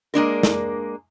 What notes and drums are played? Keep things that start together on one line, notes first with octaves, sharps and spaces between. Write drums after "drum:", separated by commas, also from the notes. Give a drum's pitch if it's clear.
G#3 A#3 D4 A#4
drum: snare